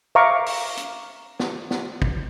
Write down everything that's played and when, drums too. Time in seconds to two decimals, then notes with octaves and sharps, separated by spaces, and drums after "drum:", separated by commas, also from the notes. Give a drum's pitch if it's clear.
0.15 E5 F5 A#5 C#6 D6
0.46 drum: open hi-hat
0.77 drum: hi-hat
1.39 drum: snare
1.71 drum: snare
2.02 drum: kick